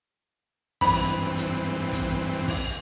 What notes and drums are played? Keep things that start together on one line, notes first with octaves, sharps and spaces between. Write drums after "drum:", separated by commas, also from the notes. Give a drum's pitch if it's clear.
G2 E3 C4 B5, drum: kick, open hi-hat
drum: hi-hat
drum: kick, hi-hat
drum: kick, open hi-hat